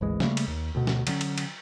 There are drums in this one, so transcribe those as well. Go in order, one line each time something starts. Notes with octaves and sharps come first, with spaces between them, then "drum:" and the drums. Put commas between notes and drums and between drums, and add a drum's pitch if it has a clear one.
G#1 D2 E3 G#3
C#3 G3 A3 A#3, drum: snare
drum: cymbal
D#2
D2 B2
drum: snare
D3 F#3 C#4, drum: cymbal
drum: cymbal
drum: cymbal